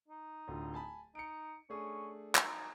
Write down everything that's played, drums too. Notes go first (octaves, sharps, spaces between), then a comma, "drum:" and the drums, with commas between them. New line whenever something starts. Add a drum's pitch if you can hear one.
D#4
D1 D3 F4
G#5 A5 B5
D#4 C#7 D7
A3 C#4 D4 G#4
D#4, drum: clap